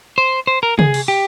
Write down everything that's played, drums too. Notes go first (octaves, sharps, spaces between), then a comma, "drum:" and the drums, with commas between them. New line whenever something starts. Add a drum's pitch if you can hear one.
C5
C5
A#4
G#4, drum: tom
drum: cymbal
G4